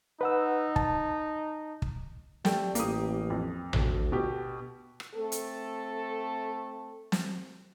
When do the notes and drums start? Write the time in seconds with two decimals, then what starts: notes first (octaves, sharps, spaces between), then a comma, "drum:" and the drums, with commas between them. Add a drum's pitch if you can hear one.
0.21 D#4 B4 F#5 E6
0.76 A5, drum: kick
1.82 drum: kick
2.45 G3 A3 G5, drum: snare
2.75 A1 A#3 G4 D#6, drum: hi-hat
3.30 F2
3.73 D2, drum: tom A1
4.12 B2 G4
5.00 drum: rim click
5.14 A3 C4 A4
5.32 drum: hi-hat
7.12 drum: snare